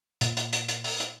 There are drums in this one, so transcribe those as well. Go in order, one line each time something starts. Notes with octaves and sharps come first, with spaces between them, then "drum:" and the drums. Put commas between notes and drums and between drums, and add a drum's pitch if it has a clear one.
A#2, drum: hi-hat
drum: hi-hat
drum: hi-hat
drum: hi-hat
drum: open hi-hat
drum: hi-hat